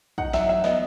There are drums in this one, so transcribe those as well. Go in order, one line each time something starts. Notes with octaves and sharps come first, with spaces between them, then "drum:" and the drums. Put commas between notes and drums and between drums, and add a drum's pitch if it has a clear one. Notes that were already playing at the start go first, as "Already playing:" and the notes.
D#4 F#5, drum: kick
F#3 E5, drum: snare
F#3 E5
B3 D#5, drum: snare